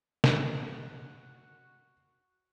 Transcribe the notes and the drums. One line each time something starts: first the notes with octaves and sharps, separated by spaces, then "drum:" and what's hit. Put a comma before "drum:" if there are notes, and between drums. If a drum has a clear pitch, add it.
A#6, drum: snare
F#4